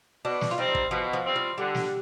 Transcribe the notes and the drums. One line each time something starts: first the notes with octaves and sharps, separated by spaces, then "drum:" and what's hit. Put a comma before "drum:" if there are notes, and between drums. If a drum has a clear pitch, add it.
B2 D4
drum: snare
F4
G3 C4 D#4
drum: kick
B2 F3
F3
G3 C4
F3
D3 G3
drum: snare